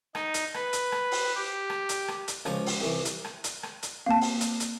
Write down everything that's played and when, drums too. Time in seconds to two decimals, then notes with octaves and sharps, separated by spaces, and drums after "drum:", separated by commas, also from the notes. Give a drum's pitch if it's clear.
0.15 D#4, drum: rim click
0.34 drum: hi-hat
0.54 B4, drum: rim click
0.73 drum: hi-hat
0.92 drum: rim click
1.12 drum: open hi-hat
1.35 G4
1.70 drum: rim click
1.89 drum: hi-hat
2.08 drum: rim click
2.28 drum: hi-hat
2.45 C#2 F3 C#5 G#5, drum: rim click
2.66 drum: open hi-hat
2.81 C2 E3
3.05 drum: hi-hat
3.25 drum: rim click
3.44 drum: hi-hat
3.63 drum: rim click
3.83 drum: hi-hat
4.06 A#3 C4 F5 A5
4.21 drum: open hi-hat
4.41 drum: hi-hat
4.60 drum: hi-hat